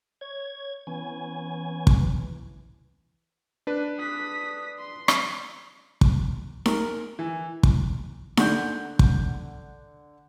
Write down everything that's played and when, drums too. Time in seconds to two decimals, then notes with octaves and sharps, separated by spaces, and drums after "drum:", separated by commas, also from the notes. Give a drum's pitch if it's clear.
0.21 C#5 G#6
0.87 E3 B3 C#4 G#5
1.87 drum: kick
3.67 D4 B4
3.98 D#6 B6
4.79 C6
5.08 drum: rim click
6.01 drum: kick
6.66 A#4, drum: snare D#4
7.19 E3
7.63 drum: kick
8.37 D3 F#5 G6, drum: snare D#4
8.99 drum: kick